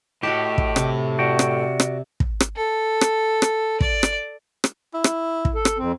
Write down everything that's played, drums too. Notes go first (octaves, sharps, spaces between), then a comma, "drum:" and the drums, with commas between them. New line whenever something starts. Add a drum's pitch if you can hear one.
A2 F#4 G4 D#5 G5 A5
drum: kick
C3, drum: rim click
F#4 D5 G5
drum: rim click
drum: rim click
drum: kick
drum: rim click
A4
drum: rim click
drum: rim click
D5, drum: kick
drum: rim click
drum: rim click
E4
drum: rim click
drum: kick
A4
drum: rim click
F2 C4